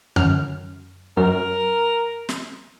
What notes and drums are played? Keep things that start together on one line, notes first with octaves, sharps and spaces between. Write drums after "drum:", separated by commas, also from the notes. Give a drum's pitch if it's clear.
F#2 F6, drum: tom D3
F#2 A#4
drum: snare